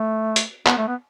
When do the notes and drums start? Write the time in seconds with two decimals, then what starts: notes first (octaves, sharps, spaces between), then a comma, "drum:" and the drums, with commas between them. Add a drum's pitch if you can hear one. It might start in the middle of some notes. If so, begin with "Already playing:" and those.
Already playing: A3
0.36 drum: hi-hat
0.66 B3, drum: clap
0.78 A3
0.88 B3